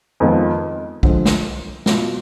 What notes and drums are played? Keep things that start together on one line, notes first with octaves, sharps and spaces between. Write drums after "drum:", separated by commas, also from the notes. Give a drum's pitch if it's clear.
F2 D#3 G#3 B3 F4
D3 F3 G#3, drum: kick B1
drum: snare
B2 B3 F4, drum: snare